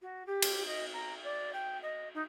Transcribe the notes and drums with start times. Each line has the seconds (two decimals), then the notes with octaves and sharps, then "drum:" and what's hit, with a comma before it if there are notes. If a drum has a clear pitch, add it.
0.02 F#4
0.26 G4
0.42 drum: cymbal
0.66 D#5
0.93 A#5
1.23 D5
1.53 G5
1.82 D#5
2.14 D#4